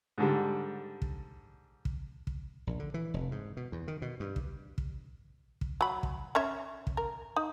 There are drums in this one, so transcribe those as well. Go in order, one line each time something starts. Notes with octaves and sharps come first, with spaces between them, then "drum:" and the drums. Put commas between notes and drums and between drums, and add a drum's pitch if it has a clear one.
G#2 D3 G3
drum: kick
drum: kick
drum: kick
A#1
D3
E3
F1
G#2
B2
E2
D#3
B2
G2
drum: kick
drum: kick
drum: kick
F#3 B5
drum: kick
C#4 C#5 E5
drum: kick
A#4
D#4